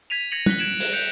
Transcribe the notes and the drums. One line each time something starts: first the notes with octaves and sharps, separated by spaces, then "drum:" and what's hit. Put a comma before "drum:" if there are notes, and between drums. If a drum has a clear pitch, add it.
G#6 B6 D#7 F7
G#6 A#6 C#7 D#7 F7 F#7
F#6 B6 G7, drum: tom
G#6 D7 E7 F#7
F#6 E7 F#7, drum: open hi-hat
G6 C#7 E7 F7